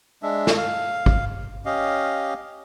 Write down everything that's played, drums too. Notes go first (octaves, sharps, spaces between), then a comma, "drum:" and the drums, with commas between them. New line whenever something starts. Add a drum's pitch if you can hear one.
G#3 D4 E5
drum: snare
F5
drum: kick
C#4 G4 D#5 F5